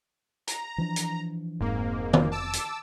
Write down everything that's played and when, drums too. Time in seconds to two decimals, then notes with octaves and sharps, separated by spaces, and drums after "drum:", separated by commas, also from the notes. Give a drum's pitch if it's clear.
0.47 A#5, drum: hi-hat
0.78 E3 F3 D4
0.96 drum: hi-hat
1.61 F1 G#2 A#3 C4
2.13 drum: tom D#3
2.32 A5 D6 E6
2.53 drum: hi-hat